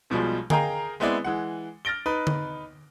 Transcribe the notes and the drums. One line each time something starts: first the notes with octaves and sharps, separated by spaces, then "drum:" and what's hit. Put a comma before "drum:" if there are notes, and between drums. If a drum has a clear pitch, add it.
B1 B2 F3 G3 G#3
G#4 A#4 D#5 F5 G5 A#5, drum: tom D3
G#3 B3 C4 E4 D5
E3 G#3 F#5
F6 A6 A#6 D7 G7
D#4 B4
drum: tom D3